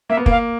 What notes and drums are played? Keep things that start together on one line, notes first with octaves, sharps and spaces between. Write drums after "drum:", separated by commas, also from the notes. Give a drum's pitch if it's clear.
A#3 E5
B3
A#3 F5, drum: kick